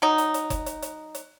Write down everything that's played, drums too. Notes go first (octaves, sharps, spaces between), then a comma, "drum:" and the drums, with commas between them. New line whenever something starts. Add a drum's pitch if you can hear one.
F#3 D#4
drum: hi-hat
drum: hi-hat
drum: kick F#1, hi-hat
drum: hi-hat
drum: hi-hat
drum: hi-hat